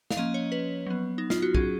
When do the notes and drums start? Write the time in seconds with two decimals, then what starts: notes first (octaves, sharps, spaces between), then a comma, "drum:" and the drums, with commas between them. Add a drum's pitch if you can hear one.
0.10 F5, drum: snare
0.17 F3 A#3 C#4 D#5
0.34 C#5
0.52 B4
0.86 F#3 B3
1.18 D#4
1.30 F4, drum: snare
1.42 F#4
1.55 F#3 C#4 G#4, drum: kick